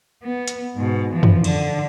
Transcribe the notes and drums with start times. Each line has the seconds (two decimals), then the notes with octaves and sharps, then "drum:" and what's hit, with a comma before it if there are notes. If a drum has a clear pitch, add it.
0.24 B3
0.48 drum: hi-hat
0.75 G#2 B2
1.13 E3 F3
1.23 drum: tom
1.44 D3, drum: cymbal